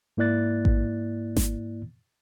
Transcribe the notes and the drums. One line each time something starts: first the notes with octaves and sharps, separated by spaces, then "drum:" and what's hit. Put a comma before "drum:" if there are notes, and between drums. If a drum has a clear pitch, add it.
G#2 A#3 E4 D5 F#6 A6
drum: kick A1
drum: snare G#1